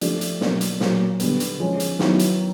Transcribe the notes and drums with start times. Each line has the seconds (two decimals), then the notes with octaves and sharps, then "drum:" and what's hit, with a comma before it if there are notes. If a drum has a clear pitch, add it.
0.01 F3 A3 D4 G4, drum: hi-hat
0.21 drum: hi-hat
0.41 B2 F#3 A#3 D4, drum: snare
0.61 drum: hi-hat
0.80 A#2 F#3 A#3, drum: snare
1.20 D3 G3 B3, drum: hi-hat
1.40 drum: hi-hat
1.60 F3 G#3 C#4
1.80 drum: hi-hat
1.99 D#3 F#3 B3 E4, drum: snare
2.19 drum: hi-hat